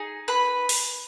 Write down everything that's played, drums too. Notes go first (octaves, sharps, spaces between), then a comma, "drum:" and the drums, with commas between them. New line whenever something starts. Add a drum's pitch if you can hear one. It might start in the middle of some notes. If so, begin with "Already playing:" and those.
Already playing: D#4 G#4
B4 B5
drum: open hi-hat